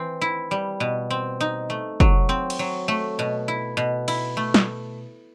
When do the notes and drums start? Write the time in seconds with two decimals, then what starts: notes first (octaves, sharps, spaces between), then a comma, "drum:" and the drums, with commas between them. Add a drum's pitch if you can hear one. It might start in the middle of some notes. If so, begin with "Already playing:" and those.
Already playing: E3 C4
0.22 E4
0.51 G3
0.80 B2
1.10 C4
1.41 D#4
1.70 A3
2.00 F#3, drum: kick
2.29 C4
2.50 drum: cymbal
2.59 F#3
2.88 A3
3.19 B2
3.48 E4
3.77 B2
4.08 E4, drum: cymbal
4.37 A3
4.54 drum: snare